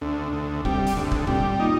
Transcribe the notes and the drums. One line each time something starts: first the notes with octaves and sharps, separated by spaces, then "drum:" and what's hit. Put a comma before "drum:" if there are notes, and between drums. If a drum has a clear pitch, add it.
D2 D3
D2
C3 G3, drum: kick
drum: hi-hat
D2
drum: kick
C3 G3, drum: tom A#2
A#2 D#4